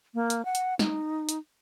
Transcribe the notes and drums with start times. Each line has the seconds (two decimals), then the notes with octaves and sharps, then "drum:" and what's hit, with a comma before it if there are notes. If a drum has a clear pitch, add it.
0.14 A#3
0.30 drum: hi-hat
0.45 F#5
0.55 drum: hi-hat
0.79 D#4, drum: snare
1.29 drum: hi-hat